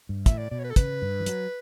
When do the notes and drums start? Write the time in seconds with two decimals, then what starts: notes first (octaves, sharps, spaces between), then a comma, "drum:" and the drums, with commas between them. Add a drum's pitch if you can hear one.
0.09 G2
0.26 A2 E5, drum: kick, hi-hat
0.38 D5
0.51 B2 D5
0.59 C#5
0.64 B4
0.71 A4
0.76 C#3 B4, drum: kick, hi-hat
1.02 G2
1.20 E3
1.26 F#3, drum: hi-hat